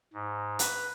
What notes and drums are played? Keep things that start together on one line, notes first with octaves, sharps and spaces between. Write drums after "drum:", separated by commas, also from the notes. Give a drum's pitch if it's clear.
G#2
B4, drum: hi-hat